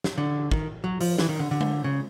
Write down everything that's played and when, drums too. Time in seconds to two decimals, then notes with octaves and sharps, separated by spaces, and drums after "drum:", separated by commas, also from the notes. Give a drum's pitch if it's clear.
0.04 drum: snare
0.18 D3
0.51 D#3, drum: kick
0.84 F#3
1.01 F3, drum: open hi-hat
1.18 E3, drum: snare
1.29 D#3
1.40 D3
1.51 D3
1.61 drum: tom G#3
1.84 C#3